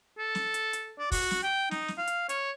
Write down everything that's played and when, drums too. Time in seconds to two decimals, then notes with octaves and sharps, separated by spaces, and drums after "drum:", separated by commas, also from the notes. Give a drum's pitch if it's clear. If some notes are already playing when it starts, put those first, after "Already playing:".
0.19 A4
0.35 drum: snare
0.54 drum: hi-hat
0.73 drum: hi-hat
0.99 D5
1.12 F#4, drum: kick, open hi-hat
1.31 drum: snare
1.43 G5
1.71 D#4, drum: snare
1.88 drum: snare
1.98 F5
2.07 drum: hi-hat
2.29 C#5, drum: hi-hat